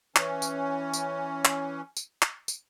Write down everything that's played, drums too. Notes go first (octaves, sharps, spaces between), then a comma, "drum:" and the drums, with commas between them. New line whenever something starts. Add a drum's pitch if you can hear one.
E3 C#4, drum: clap
drum: tambourine
drum: tambourine
drum: clap
drum: tambourine
drum: clap
drum: tambourine